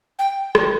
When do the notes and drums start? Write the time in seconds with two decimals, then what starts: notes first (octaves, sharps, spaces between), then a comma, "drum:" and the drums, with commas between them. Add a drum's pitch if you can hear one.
0.19 G5
0.55 drum: rim click